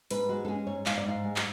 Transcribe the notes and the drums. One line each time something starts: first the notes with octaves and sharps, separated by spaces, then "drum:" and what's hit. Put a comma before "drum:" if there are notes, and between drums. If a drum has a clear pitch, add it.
G#2 B4, drum: hi-hat
G#3 F#4
A4
C#4 G#4
G#2 C#5
G#2 F5, drum: clap
D5
G#2 F5
G#3
drum: clap